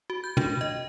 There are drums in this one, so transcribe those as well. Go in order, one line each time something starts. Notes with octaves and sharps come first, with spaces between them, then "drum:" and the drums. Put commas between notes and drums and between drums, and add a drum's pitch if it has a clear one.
F#4
G6
D4, drum: tom
D#5